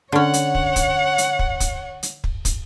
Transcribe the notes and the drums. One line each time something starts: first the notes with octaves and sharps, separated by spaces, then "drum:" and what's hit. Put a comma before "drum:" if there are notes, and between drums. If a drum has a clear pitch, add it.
D3 C#4 C#5 F#5
drum: hi-hat
drum: kick
drum: kick, hi-hat
drum: hi-hat
drum: kick
drum: kick, hi-hat
drum: hi-hat
drum: kick
drum: kick, hi-hat